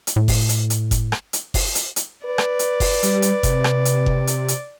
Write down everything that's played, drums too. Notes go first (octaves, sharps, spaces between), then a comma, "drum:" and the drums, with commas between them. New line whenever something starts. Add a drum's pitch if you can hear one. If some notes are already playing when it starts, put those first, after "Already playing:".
drum: hi-hat
A2
drum: kick F#1, open hi-hat
drum: hi-hat
drum: hi-hat
drum: kick F#1, hi-hat
drum: rim click
drum: hi-hat
drum: kick F#1, open hi-hat
drum: hi-hat
drum: hi-hat
B4 D5
drum: rim click
drum: hi-hat
drum: kick F#1, open hi-hat
G3, drum: hi-hat
drum: hi-hat
C3, drum: kick F#1, hi-hat
drum: rim click
drum: hi-hat
drum: kick F#1
drum: hi-hat
drum: hi-hat